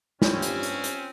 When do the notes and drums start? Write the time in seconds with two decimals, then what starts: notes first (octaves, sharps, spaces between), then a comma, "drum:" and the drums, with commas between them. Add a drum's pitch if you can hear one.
0.22 G2 C4 C#4 F4 C#5, drum: snare
0.42 drum: hi-hat
0.63 drum: hi-hat
0.84 drum: hi-hat